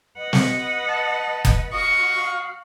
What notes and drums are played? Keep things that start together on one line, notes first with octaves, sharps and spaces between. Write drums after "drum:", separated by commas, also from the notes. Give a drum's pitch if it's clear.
B4 D#5 F#5
drum: snare
A5
drum: kick F#1, hi-hat
F#4 D#5 F5 C#6